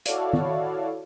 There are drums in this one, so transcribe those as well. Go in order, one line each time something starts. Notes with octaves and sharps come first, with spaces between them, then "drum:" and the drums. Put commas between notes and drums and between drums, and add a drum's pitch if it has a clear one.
E4 F#4 A4 C#5 D5 F5, drum: hi-hat
drum: tom